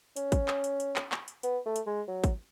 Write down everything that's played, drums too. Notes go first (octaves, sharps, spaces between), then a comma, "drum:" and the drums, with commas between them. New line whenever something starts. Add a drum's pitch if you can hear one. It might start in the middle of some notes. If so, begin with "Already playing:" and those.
C#4, drum: hi-hat
drum: kick, hi-hat
drum: clap
drum: hi-hat
drum: hi-hat
drum: clap
drum: clap
drum: hi-hat
B3, drum: hi-hat
A3
drum: hi-hat
G#3
F#3
drum: kick, hi-hat